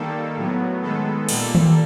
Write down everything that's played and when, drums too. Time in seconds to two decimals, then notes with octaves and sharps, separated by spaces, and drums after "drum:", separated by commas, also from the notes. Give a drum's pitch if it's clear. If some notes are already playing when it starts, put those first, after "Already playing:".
Already playing: D#3 G3 A#3 A4
0.37 A2 F#3 B3
0.82 D#3 G#3 B3 A4
1.29 A#2 G3 A#3 A4, drum: cymbal
1.55 drum: tom D#3